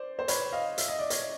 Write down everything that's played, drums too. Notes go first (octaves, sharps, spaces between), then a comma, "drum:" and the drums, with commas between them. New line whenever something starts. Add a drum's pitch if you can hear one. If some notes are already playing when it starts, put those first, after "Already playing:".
Already playing: C5 D5
C5
B4 C#5, drum: hi-hat
D#5 F5
E5, drum: hi-hat
D#5
D5
C#5 D#5, drum: hi-hat